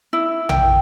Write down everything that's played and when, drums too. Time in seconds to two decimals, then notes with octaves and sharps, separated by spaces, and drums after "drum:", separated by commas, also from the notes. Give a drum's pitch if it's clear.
0.13 E4
0.49 G5, drum: tom A#1